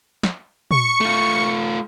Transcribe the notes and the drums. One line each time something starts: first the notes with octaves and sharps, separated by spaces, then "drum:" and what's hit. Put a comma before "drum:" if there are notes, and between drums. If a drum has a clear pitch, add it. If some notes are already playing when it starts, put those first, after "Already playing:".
drum: snare
C#6 C#7, drum: tom A#2
A3 F4